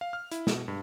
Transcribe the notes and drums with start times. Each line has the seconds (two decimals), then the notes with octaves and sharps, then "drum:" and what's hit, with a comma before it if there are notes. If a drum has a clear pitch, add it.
0.01 F5
0.13 F6
0.31 E4, drum: hi-hat
0.47 B2, drum: snare
0.68 G2